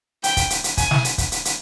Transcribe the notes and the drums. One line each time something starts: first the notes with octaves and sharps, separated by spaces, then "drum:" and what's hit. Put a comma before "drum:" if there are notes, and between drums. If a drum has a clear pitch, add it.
G5, drum: hi-hat
drum: kick, hi-hat
drum: hi-hat
drum: hi-hat
G#5, drum: kick, hi-hat
drum: snare
drum: hi-hat
drum: kick, hi-hat
drum: hi-hat
drum: hi-hat